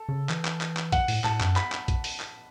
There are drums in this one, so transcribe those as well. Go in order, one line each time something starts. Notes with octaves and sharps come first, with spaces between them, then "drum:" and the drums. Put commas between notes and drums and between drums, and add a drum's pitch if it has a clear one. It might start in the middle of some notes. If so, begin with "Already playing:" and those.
Already playing: A4
C#3
E3, drum: clap
drum: clap
drum: clap
drum: clap
F#5, drum: kick, hi-hat
A2, drum: open hi-hat
A2 A5, drum: clap
F#2, drum: clap
B5, drum: clap
drum: clap
drum: kick, hi-hat
drum: open hi-hat
drum: clap